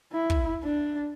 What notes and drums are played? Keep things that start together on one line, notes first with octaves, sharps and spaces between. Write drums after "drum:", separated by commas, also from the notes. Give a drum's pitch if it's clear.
E4
drum: kick
D4